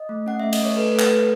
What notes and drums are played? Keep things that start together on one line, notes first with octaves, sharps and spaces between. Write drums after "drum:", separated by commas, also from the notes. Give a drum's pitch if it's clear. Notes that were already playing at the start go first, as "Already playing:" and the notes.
Already playing: D#5
A3
C#4 F#5
A3 E5
D#5, drum: cymbal
A3 C#5
A4 B4
A3 A4
B4, drum: clap
A4